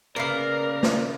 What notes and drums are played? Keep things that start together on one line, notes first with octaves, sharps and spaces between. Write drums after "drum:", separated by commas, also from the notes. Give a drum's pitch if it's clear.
C#3 A#3 B3 A#4 D5 F5
drum: snare